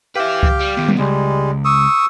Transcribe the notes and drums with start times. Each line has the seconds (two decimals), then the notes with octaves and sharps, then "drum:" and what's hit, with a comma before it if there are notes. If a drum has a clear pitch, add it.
0.16 G4 B4 E5 F5 G5
0.43 drum: kick C#2
0.61 G3
0.77 D#3 B3
0.88 drum: tom G3
0.98 C#2 G3 G#3
1.65 C#6 D#6 E6